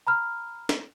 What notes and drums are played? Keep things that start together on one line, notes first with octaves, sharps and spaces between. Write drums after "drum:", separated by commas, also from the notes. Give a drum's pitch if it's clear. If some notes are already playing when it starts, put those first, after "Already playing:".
A#5 B5 F6
drum: snare